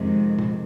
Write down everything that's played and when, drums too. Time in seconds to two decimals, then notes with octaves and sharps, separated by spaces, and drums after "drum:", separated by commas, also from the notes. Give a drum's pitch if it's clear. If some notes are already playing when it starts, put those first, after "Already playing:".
Already playing: F2 C3 D#3 G#3
0.39 drum: tom